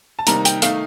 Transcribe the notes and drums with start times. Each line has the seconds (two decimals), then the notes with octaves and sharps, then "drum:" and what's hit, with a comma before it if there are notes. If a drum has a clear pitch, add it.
0.19 A5
0.27 C3 D#3 G3 A#3 D#4 A#5, drum: hi-hat
0.45 G5, drum: hi-hat
0.62 D#3 A3 D#4 F5, drum: hi-hat